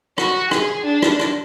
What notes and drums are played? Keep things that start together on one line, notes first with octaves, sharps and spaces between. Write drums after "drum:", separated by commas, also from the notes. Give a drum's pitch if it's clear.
F#4, drum: rim click
G#4, drum: rim click
D4
drum: rim click
drum: rim click